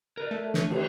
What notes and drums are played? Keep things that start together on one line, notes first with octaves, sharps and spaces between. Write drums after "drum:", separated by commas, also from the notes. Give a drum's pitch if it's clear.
A#4 B4 D5
A3
D4 C#5, drum: snare
D#3 F#3, drum: cymbal